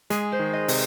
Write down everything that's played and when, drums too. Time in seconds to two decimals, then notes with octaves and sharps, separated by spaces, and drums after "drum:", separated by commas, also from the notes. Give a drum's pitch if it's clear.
0.10 G#3 G#4, drum: hi-hat
0.32 C5
0.39 D#3
0.53 D#5
0.68 C3, drum: open hi-hat